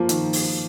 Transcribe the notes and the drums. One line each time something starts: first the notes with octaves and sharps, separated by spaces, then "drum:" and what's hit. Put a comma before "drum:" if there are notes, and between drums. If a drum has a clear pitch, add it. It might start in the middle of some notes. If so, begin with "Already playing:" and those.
Already playing: F3 A#3
D#3, drum: hi-hat
drum: open hi-hat